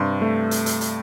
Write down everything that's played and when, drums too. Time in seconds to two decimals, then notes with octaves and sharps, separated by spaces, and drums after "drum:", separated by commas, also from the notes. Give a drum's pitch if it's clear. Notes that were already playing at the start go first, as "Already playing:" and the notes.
Already playing: G2 C3 C6
0.21 A3
0.51 drum: hi-hat
0.66 drum: hi-hat
0.81 drum: hi-hat